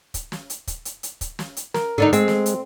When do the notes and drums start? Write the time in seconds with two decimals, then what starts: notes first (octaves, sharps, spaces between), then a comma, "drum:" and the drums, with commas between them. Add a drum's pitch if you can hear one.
0.14 drum: kick, hi-hat
0.32 drum: snare
0.50 drum: hi-hat
0.67 drum: kick, hi-hat
0.85 drum: hi-hat
1.03 drum: hi-hat
1.21 drum: kick, hi-hat
1.39 drum: snare
1.57 drum: hi-hat
1.74 A#4, drum: snare
1.98 D3 D4 D#4
2.13 G#3 C4, drum: hi-hat
2.28 drum: snare
2.46 drum: hi-hat